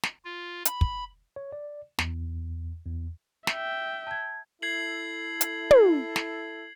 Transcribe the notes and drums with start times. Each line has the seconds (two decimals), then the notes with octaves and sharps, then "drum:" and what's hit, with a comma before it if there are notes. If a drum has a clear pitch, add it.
0.03 drum: snare
0.25 F4
0.65 B5, drum: hi-hat
0.81 drum: kick
1.36 C#5
1.52 D5
1.99 E2, drum: snare
2.86 E2
3.47 E5 G5, drum: snare
4.07 A5 G#6
4.62 E4 A4 G#6 C7 F#7
5.41 drum: hi-hat
5.71 drum: tom
6.16 drum: snare